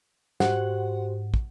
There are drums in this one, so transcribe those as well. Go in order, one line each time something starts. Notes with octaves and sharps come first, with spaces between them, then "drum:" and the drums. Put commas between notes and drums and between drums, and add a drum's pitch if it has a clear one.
G#2 F#4 G4 C5 F#5, drum: snare
drum: kick